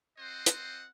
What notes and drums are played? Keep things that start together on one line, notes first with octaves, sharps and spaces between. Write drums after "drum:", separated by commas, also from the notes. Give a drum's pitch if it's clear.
C4 F4 C5 D#5 F#5
drum: hi-hat